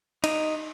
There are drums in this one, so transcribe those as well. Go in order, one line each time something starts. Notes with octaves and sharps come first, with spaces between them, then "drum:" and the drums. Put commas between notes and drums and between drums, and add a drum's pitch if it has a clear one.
D#4, drum: cymbal